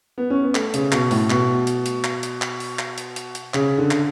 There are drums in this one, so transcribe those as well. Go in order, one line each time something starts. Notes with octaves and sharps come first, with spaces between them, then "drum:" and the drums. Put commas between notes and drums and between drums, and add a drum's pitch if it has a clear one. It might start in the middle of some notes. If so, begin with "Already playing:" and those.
B3
C#4
B3
A3, drum: clap
C#3, drum: hi-hat
B2, drum: clap
A2, drum: open hi-hat
B2, drum: clap
drum: hi-hat
drum: hi-hat
drum: clap
drum: hi-hat
drum: clap
drum: open hi-hat
drum: clap
drum: hi-hat
drum: hi-hat
drum: hi-hat
C#3, drum: clap
D3
drum: clap